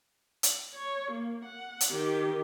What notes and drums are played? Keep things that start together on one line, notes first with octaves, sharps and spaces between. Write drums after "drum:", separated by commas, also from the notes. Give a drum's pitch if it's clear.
drum: hi-hat
C#5
A#3
F#5
drum: hi-hat
D#3 G4